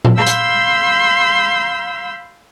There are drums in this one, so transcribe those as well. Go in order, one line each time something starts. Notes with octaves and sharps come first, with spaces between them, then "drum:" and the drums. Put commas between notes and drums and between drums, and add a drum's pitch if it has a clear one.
drum: tom A#2
F5 B5 C6 E6 G6
drum: hi-hat